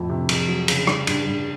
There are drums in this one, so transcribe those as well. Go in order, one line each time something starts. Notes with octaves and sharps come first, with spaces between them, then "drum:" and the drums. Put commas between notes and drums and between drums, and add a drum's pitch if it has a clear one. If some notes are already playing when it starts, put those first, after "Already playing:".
Already playing: F2 A2 F3
C3
F2, drum: cymbal
F#3
C#3, drum: cymbal
G3, drum: rim click
G2, drum: cymbal
G2